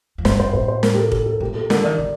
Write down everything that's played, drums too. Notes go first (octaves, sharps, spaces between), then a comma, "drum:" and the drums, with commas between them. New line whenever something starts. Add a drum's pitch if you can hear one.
F2
G2 C5, drum: snare
G2 C5
A2 C5
C5
A#4, drum: snare
G4
A4
A4, drum: kick
A4
A#2 G4
A4
D3 A#4, drum: snare
D#3 D5
D#3